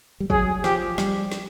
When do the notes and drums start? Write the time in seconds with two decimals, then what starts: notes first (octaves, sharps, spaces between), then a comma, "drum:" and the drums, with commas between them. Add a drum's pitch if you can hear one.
0.20 G3
0.30 F#3 G#4, drum: kick
0.64 F3 G4, drum: snare
0.98 G3, drum: snare
1.32 drum: snare